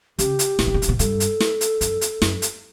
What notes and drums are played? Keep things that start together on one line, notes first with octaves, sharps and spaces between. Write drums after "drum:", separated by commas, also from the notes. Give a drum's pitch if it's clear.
C#3 G4, drum: hi-hat
drum: hi-hat
B2, drum: snare
C#3
B2
C#3, drum: hi-hat
B2
G2 A4, drum: hi-hat
drum: hi-hat
drum: snare
drum: hi-hat
F#2, drum: hi-hat
drum: hi-hat
F#2, drum: snare
drum: hi-hat